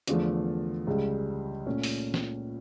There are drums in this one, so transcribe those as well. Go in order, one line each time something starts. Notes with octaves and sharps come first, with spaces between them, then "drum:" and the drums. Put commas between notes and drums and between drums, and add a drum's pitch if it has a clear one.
E2 D3 F3 A3, drum: hi-hat
C#2 C#3 G3
A#2 A3 C#4
drum: open hi-hat
drum: snare